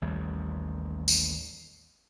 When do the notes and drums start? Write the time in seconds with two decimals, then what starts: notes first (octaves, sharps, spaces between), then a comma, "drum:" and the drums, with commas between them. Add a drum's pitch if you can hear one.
0.02 A1 D#2 G3
1.08 drum: tambourine